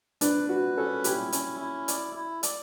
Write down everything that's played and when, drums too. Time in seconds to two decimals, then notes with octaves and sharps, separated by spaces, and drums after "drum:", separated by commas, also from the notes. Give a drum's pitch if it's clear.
0.21 D4 B4, drum: hi-hat
0.49 F#4 B4
0.77 C#4 A4
1.04 E4 G4, drum: hi-hat
1.32 C#4, drum: hi-hat
1.60 E4
1.88 D5, drum: hi-hat
2.15 E4
2.43 D5, drum: hi-hat